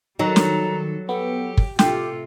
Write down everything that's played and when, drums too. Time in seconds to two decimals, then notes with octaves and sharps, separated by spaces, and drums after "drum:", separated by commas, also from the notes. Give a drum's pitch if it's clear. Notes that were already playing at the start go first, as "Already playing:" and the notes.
0.19 D#3 F#3 G3 A4 A#5
0.36 drum: snare
1.09 B3 G4 A4
1.57 drum: kick
1.79 A2 C3 F4 G4 A4, drum: snare